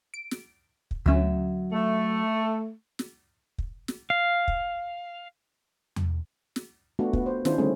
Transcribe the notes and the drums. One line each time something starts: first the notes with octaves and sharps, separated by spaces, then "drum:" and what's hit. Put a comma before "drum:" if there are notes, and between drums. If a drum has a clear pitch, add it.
D7
drum: snare
drum: kick
D2 F#3 C#4 E5
A3
drum: snare
drum: kick
drum: snare
F5
drum: kick
drum: tom E2
drum: snare
A3 B3 D4 F4 F#4
B3, drum: kick
C5
D#3 C#4 D4 E4 F4 C5, drum: snare
D3 G3 A3 C4 C#4 G#4